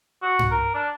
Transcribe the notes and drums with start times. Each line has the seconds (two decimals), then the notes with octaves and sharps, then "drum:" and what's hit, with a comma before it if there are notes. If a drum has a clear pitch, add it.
0.23 F#4
0.39 drum: tom G2
0.51 A#4
0.74 D4